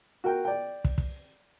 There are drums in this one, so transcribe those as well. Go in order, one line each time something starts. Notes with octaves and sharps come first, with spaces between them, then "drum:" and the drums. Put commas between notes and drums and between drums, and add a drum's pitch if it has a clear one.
F#4 A#4 G5
D5 G5
drum: kick
drum: kick